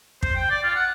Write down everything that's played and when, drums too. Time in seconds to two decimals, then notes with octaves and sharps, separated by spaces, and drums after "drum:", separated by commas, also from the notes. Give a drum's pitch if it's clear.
0.23 C5, drum: kick
0.35 G5
0.50 D5
0.64 F4
0.76 F#5